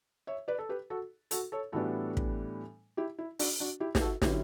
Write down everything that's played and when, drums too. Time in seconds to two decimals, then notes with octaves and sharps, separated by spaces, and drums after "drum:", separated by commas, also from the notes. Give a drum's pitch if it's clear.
0.27 C#5 E5
0.48 B4 D5
0.59 A4
0.69 G4 B4
0.90 F#4 A4
1.31 F#4 A4, drum: hi-hat
1.52 A4 C#5
1.72 A2 E3 G3 B3 D4 F#4 A4
2.17 drum: kick
2.97 E4 G4
3.19 E4
3.39 D4 F#4, drum: open hi-hat
3.60 D4 F#4
3.80 E4 G4
3.95 G4, drum: snare
4.01 F#4 A4
4.22 D3 F#3 C#4 E4 G4, drum: snare